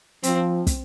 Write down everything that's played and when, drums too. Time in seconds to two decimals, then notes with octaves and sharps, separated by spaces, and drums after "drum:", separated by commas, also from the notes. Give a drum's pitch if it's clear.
0.23 F3 C4, drum: hi-hat
0.67 drum: kick, hi-hat